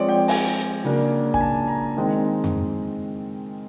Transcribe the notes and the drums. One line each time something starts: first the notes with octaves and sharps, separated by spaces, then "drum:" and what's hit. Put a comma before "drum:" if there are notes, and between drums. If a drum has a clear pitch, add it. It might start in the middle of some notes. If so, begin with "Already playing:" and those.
Already playing: F3 G#3 C4 C#5 D5
G5
G#5, drum: open hi-hat
C#3 F#3 A#3 D4
G#5, drum: kick
A5
A#5
D#3 G#3 C4
drum: tom F2